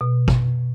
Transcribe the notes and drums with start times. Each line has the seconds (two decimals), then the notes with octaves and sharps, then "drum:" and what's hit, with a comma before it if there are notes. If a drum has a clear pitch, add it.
0.01 B2
0.28 drum: kick